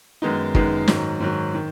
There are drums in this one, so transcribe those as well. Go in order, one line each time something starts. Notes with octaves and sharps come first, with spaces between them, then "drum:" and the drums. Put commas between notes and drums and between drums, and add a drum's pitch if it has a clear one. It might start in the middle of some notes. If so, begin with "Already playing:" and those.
F#2 D#3 G#3 B3 D#4
F#2 D#3 G#3 B3 D#4, drum: kick
G#2 D#3 F#3, drum: snare
G#2 D#3 F#3
D#3